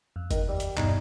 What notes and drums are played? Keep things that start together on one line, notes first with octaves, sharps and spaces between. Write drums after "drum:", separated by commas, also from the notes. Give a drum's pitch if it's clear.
F2
D#3, drum: kick F#1, hi-hat
D#2 G3
drum: hi-hat
E2 G2 B2 D#4, drum: clap